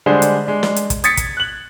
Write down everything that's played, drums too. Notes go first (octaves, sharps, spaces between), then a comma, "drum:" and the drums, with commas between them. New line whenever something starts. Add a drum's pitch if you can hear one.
D3 G3 G#3 D4 G#4 C5
drum: hi-hat
G#3 D4
drum: snare
drum: hi-hat
drum: kick, hi-hat
D#6 G#6 A6 B6 C#7, drum: hi-hat
drum: kick, hi-hat
F#6 F#7